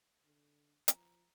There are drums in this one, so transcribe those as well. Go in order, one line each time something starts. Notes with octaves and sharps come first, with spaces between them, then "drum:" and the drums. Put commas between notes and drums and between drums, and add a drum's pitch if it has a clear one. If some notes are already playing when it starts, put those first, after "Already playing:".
D3
F3 A#5, drum: hi-hat